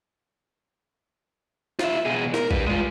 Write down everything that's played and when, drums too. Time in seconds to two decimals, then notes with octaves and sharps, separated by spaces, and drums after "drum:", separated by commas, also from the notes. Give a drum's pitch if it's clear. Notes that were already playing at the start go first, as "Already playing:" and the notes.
1.79 F4 E5, drum: snare
2.05 B2 G#4
2.34 A#4, drum: snare
2.51 G3 B4, drum: kick A#1
2.67 G#3 F4